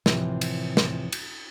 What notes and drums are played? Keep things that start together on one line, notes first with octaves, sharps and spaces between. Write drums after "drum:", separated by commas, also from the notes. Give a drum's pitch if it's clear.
A2 C3 E3 F3, drum: snare
drum: cymbal
drum: snare
drum: cymbal